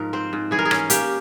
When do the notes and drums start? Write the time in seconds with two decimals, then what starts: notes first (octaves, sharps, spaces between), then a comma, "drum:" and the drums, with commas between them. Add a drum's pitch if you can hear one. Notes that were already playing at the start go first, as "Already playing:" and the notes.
Already playing: G#2 F3 A#4
0.13 C4 C5
0.33 G#2
0.51 E3 G#4
0.59 A#4
0.65 G#4
0.71 C#4, drum: rim click
0.90 A#3 G4, drum: hi-hat